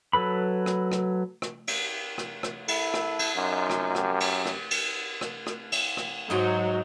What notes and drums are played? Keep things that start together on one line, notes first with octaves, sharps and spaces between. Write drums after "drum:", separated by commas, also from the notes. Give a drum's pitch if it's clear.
F#3 A4 B4 B5
drum: rim click
drum: rim click
drum: rim click
drum: cymbal
drum: rim click
drum: rim click
E4 A4, drum: cymbal
drum: rim click
drum: cymbal
F#2 D#4 F4 F#4
drum: rim click
G4, drum: rim click
drum: cymbal
drum: rim click
drum: cymbal
drum: rim click
drum: rim click
drum: cymbal
drum: rim click
G#2 F#3 D#4